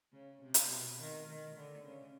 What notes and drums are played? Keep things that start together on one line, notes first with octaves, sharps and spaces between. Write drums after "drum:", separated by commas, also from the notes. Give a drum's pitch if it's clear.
C#3
C3
drum: hi-hat
B2
D#3
D#3
D3
C#3